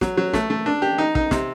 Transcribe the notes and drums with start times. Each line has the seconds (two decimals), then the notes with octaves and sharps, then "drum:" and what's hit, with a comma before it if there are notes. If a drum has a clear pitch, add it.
0.01 F#3, drum: snare
0.17 F#3
0.34 A3, drum: snare
0.50 A3
0.66 D4
0.82 G4
0.98 D#4
1.15 D#4, drum: kick
1.31 C3, drum: snare